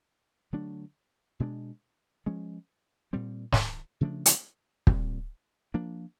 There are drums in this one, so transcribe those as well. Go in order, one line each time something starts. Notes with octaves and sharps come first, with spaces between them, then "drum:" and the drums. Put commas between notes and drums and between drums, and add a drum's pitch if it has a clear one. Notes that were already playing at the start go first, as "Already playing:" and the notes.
D3 F#3 A3 D4
B2 G#3 B3 D4
F3 G#3 C#4
A#2 G3 C4
drum: snare
C#3 F3 A3 D4
drum: hi-hat
A#2 G3 C4, drum: kick
F3 A#3 D4